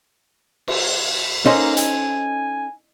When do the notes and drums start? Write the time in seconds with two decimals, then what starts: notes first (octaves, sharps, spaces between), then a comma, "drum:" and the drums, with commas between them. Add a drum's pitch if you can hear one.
0.68 drum: cymbal
1.46 A#3 C#4 D#4 A4 C5
1.77 G#5, drum: hi-hat